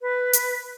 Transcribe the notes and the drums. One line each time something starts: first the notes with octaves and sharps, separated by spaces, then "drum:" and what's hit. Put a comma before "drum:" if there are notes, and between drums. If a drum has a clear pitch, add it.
B4
drum: hi-hat